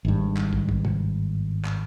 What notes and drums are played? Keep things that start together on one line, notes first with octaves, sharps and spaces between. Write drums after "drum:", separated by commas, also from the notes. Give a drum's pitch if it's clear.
G#1 G2
drum: clap
drum: kick
drum: kick
drum: tom
drum: clap